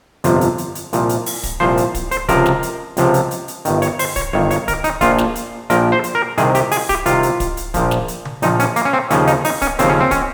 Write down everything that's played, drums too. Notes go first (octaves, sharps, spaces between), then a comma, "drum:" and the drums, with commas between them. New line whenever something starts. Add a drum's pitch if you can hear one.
G1 F2 C3 F3, drum: hi-hat
drum: hi-hat
drum: hi-hat
drum: hi-hat
C2 A#2 F3, drum: hi-hat
drum: hi-hat
drum: open hi-hat
drum: kick, hi-hat
C2 A#2 F3 C5
drum: hi-hat
drum: kick, hi-hat
C5, drum: hi-hat
C#2 C3 F3 A#4, drum: kick, hi-hat
drum: snare
drum: hi-hat
C#2 C3 F3, drum: hi-hat
drum: hi-hat
drum: hi-hat
drum: hi-hat
G1 G2 D#3, drum: hi-hat
C#5, drum: hi-hat
C5, drum: open hi-hat
C#5, drum: kick, hi-hat
G1 G2 D#3 C#5
C#5, drum: hi-hat
A#4, drum: kick, hi-hat
D#4, drum: hi-hat
A#1 A#2 F3 F4, drum: kick, hi-hat
drum: snare
drum: hi-hat
A#1 A#2 F3 A#4, drum: hi-hat
C5
drum: hi-hat
A#4
C2 C3 D#3 G#4, drum: hi-hat
G4, drum: hi-hat
G#4, drum: open hi-hat
G4, drum: kick, hi-hat
C2 C3 D#3 F4, drum: hi-hat
drum: hi-hat
drum: kick, hi-hat
drum: hi-hat
A#1 A#2 F3, drum: kick, hi-hat
drum: snare
drum: hi-hat
drum: tom C#3
A#1 A#2 F3 D#4, drum: hi-hat
C#4, drum: hi-hat
A#3, drum: hi-hat
C#4
C4
D#2 C#3 F3 C#4, drum: hi-hat
D#4, drum: hi-hat
D#4, drum: open hi-hat
C#4, drum: kick, hi-hat
D#2 C#3 F3 C4, drum: hi-hat
C#4
C4
C#4, drum: kick, hi-hat